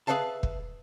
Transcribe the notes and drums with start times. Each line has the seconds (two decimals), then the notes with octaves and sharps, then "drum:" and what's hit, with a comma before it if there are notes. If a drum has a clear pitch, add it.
0.07 G#4 A4 B4 E5 F5 A5
0.43 drum: kick